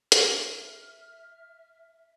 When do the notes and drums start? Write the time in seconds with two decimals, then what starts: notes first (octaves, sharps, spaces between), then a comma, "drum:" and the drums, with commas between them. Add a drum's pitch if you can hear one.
0.12 C#5 F6, drum: hi-hat
0.57 E5